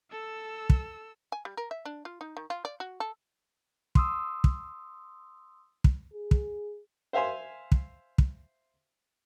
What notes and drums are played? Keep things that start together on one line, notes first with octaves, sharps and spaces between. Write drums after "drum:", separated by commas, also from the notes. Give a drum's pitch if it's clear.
A4 E6
drum: kick
G#5
G3
A#4
E5
D4
F4
D#4
D#3
F4
D5
F#4
A4
C6 D#6 E6, drum: kick
drum: kick
drum: kick
G#4
drum: kick
C5 E5 F5 G#5 C6
drum: kick
drum: kick